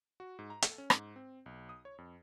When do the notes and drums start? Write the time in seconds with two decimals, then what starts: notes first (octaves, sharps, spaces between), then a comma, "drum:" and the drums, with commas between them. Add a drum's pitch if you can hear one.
0.20 F#4
0.39 G#2
0.50 A#5
0.62 A4, drum: hi-hat
0.78 C#4
0.90 G#2, drum: rim click
1.16 C4
1.46 B1
1.69 D#6
1.85 C#5
1.98 F2